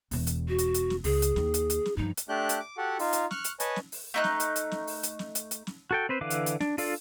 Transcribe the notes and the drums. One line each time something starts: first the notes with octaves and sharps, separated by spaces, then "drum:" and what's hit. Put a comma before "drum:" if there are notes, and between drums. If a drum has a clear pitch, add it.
E1 E2, drum: open hi-hat
drum: hi-hat
F#4
drum: hi-hat
drum: hi-hat
drum: snare
C#2 G#4, drum: open hi-hat
drum: hi-hat
D#2 D#3, drum: snare
drum: hi-hat
drum: hi-hat
drum: snare
G2 F3 D#4
drum: hi-hat
A3 D4 G4 F#6 G6
drum: hi-hat
D6
F#4 G4 A4 F#5
D#4 F4, drum: open hi-hat
drum: hi-hat
C#6 F6 F#6, drum: snare
drum: hi-hat
B4 C#5 D#5 G#5 A5, drum: hi-hat
drum: snare
drum: open hi-hat
A3 D#4 F#6
drum: snare
drum: hi-hat
drum: hi-hat
drum: snare
drum: open hi-hat
drum: hi-hat
drum: snare
drum: hi-hat
drum: hi-hat
drum: snare
F#4 A4 G5
C4 B4 C5
D3 E3 B4 F5 D6
drum: hi-hat
drum: hi-hat
D4, drum: snare
D4 F4 A4 D5 F5, drum: open hi-hat